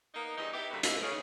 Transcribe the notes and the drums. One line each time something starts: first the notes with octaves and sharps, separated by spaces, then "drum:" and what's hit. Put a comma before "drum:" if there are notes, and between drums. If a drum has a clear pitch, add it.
A#3 B3 D#4
E2 G2 E3 D#4
B3 D#4 E4 G4
A#2 D3 G3 B3 F#4
E4 G#4, drum: hi-hat
C#3